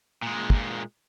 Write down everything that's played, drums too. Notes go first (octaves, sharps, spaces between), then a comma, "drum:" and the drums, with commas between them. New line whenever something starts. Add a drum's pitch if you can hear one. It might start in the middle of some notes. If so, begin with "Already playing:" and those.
A#2 G#3
drum: kick